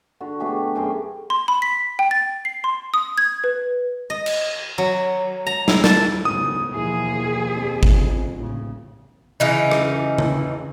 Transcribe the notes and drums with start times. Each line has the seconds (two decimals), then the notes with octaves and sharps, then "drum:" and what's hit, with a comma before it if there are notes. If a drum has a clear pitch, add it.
0.20 D3 F#4
0.40 B2 A3 G4 G#4
0.75 F#2 G#4 G5 C6
1.30 C6
1.48 B5
1.62 B6
1.99 G5
2.11 A6
2.45 C7
2.64 C6
2.94 D#6
3.18 G#6
3.44 B4
4.10 D#5
4.26 drum: cymbal
4.78 F#3
5.47 A#5
5.68 E4, drum: snare
5.84 A5, drum: snare
6.25 B1 G#2 C#3 D#6
6.75 D#2 B2 E3 F3 G#4
7.57 F2
7.83 drum: kick G#1
8.36 D#1 A1 C#3
9.40 C#3 E3 D#4
9.71 drum: rim click
10.18 drum: tom C#3